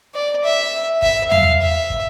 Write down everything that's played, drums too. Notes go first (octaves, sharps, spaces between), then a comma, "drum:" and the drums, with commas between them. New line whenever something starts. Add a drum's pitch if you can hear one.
D5
E5
E5, drum: kick
F5, drum: tom E2
E5
drum: kick